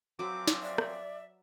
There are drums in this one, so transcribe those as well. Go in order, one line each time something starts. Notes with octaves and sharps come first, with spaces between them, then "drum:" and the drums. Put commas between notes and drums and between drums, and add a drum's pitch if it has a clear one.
F#2 F3 F#3 C4 B4 D6
drum: snare
D5 E5
drum: rim click